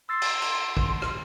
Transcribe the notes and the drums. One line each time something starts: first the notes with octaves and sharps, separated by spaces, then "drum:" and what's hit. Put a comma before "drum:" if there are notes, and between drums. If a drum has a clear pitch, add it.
C6 E6 A6 C7
drum: cymbal
drum: cymbal
drum: kick
drum: rim click